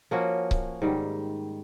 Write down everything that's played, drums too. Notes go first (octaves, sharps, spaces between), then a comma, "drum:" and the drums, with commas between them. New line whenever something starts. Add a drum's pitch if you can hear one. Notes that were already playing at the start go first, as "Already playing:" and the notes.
F3 A#3 C#4 F#4
drum: kick C#1
G#2 D#3 G3